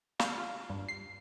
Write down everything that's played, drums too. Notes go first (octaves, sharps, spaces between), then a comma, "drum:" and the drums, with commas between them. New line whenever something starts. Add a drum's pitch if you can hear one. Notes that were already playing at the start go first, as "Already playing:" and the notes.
F5, drum: snare
F4
G2
C7